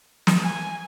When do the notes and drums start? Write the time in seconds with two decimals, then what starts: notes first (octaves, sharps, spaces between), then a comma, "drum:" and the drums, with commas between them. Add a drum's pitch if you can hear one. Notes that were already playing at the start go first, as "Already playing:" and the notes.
0.27 drum: snare
0.44 G#5